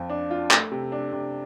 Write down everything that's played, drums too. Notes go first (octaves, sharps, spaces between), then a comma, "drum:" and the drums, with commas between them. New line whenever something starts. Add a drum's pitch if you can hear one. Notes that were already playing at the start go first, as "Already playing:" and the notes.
Already playing: F2 F3
D4
F4
A3, drum: clap
C3
D4
C3